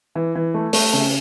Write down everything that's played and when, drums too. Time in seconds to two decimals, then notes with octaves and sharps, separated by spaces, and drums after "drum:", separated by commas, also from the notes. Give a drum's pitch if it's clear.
0.15 E3
0.35 E3
0.54 A3
0.73 A3, drum: open hi-hat
0.93 C#3